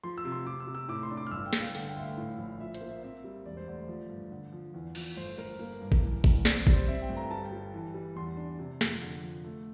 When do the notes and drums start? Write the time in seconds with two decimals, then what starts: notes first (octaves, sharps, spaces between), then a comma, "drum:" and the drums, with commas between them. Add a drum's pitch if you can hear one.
0.03 F3 C6
0.18 E6
0.25 C3
0.32 C6
0.46 C3 D6
0.60 E6
0.67 C3
0.75 E6
0.88 A2 D6
1.03 C6
1.10 D4
1.17 D6
1.27 F6
1.31 G1 E6
1.46 G5
1.53 G1, drum: snare
1.60 F5
1.75 D3 G5, drum: open hi-hat
1.89 G5
1.96 D2 E5
2.03 F5
2.17 A2
2.38 A#1
2.60 F3 E5
2.74 C5, drum: hi-hat
2.81 A#3
2.89 E5
3.03 C4 E5
3.24 G3
3.46 E1 D5
3.57 C5
3.67 D2 D5
3.88 F3
4.09 G2
4.31 D3
4.52 F3
4.74 E2
4.95 F3, drum: cymbal
5.17 G1 C5
5.38 G1 A#4
5.59 A#3
5.81 G2
5.92 drum: kick G#1
6.02 E3
6.24 E2, drum: kick G#1
6.45 C4 D5, drum: snare
6.67 G3, drum: kick G#1
6.73 C5
6.88 C4 E5
7.02 G5
7.09 G1
7.16 A#5
7.31 G3 A5
7.45 G5
7.53 G3
7.74 E3
7.94 G3
8.16 E2 C6
8.37 D4
8.59 C3
8.81 F2, drum: snare
9.02 D3, drum: hi-hat
9.23 F3
9.44 A3